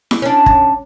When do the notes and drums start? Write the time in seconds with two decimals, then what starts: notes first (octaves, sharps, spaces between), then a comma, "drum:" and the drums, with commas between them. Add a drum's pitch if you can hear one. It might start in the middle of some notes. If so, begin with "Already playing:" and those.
0.11 drum: snare E4
0.22 C#4 D4
0.46 drum: kick